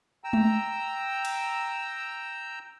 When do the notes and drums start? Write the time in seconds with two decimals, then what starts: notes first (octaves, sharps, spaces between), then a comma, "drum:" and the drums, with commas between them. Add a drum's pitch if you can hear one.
0.24 G5 A#5 E6
0.33 drum: tom G#3
1.25 drum: cymbal